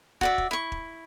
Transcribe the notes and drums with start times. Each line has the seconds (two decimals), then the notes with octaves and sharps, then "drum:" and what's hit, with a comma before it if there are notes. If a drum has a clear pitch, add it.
0.21 F#4 D5 E5, drum: kick
0.38 drum: kick
0.51 E4 C#6
0.72 drum: kick